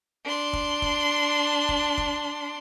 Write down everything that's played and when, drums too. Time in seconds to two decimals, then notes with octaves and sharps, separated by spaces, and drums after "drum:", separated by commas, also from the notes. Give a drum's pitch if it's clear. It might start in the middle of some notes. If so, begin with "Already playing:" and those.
0.24 D4 C6
0.53 drum: kick
0.82 drum: kick
1.69 drum: kick
1.98 drum: kick